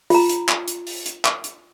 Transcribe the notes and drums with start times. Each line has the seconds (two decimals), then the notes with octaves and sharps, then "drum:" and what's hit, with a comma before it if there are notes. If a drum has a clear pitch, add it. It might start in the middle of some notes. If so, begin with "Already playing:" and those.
0.10 F4 A#5, drum: open hi-hat
0.29 drum: hi-hat
0.49 drum: clap
0.68 drum: hi-hat
0.87 drum: open hi-hat
1.06 drum: hi-hat
1.25 drum: clap
1.44 drum: hi-hat